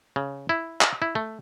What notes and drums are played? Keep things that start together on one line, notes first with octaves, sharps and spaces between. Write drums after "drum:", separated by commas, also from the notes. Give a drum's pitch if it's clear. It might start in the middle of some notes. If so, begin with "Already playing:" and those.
C#3
E4
drum: clap
E4
A3